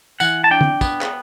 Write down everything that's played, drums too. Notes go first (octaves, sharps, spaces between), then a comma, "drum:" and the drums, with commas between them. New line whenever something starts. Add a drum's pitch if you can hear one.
E3 F#5, drum: tambourine
A5
D4 G5
drum: tom
B3, drum: kick, tambourine
drum: clap